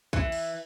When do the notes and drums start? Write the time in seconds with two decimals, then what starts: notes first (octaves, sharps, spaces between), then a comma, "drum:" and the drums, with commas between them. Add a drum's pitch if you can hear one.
0.13 E3, drum: kick
0.32 drum: cymbal